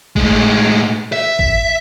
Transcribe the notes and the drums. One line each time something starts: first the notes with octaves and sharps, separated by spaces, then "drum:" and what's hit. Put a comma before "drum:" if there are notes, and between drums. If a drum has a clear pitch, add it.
A2 G#3, drum: kick
E5
drum: kick